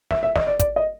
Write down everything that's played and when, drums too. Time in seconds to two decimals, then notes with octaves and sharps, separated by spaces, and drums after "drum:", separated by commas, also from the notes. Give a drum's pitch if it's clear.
0.11 E5, drum: snare
0.23 E5
0.36 D#5, drum: snare
0.47 D5
0.59 D5, drum: kick, hi-hat
0.76 D#5